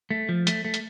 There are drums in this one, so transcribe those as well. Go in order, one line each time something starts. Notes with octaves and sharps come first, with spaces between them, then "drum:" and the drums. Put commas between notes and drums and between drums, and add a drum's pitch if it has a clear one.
A3
F3
A3, drum: hi-hat
A3
drum: hi-hat